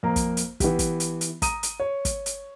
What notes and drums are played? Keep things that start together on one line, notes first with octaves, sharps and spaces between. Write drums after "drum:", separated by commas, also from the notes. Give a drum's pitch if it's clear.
F2 A#3 A#5
drum: kick, hi-hat
drum: hi-hat
E3 B3 G4, drum: kick, hi-hat
drum: kick, hi-hat
drum: hi-hat
drum: hi-hat
A#5 D#6 D#7, drum: kick, hi-hat
drum: hi-hat
C#5
drum: kick, hi-hat
drum: hi-hat